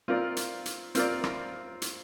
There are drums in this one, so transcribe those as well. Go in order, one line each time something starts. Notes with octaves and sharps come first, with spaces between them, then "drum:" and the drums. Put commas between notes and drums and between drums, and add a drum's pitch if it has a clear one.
C4 F4 A#4 D5
drum: hi-hat
drum: hi-hat
C4 F4 A#4 D5, drum: hi-hat
drum: rim click
drum: hi-hat